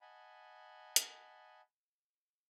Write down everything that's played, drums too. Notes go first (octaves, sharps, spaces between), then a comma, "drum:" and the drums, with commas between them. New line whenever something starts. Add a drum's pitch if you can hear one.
D#5 F#5 G#5 A5 B5
drum: hi-hat